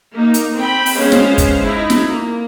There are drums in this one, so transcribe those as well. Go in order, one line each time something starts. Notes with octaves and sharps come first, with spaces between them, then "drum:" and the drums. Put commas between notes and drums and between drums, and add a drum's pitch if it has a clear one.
A#3 D#4
drum: hi-hat
C4 G5 B5
drum: open hi-hat
G#3 B3 C#4 C5 F5
drum: snare
drum: kick, hi-hat
D#4 E4
drum: snare
A#3